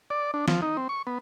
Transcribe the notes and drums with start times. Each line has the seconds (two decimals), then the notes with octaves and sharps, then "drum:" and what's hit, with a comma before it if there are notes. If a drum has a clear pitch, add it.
0.10 D5
0.34 D4
0.48 F3, drum: snare
0.62 D#4
0.77 C4
0.89 C#6
1.07 B3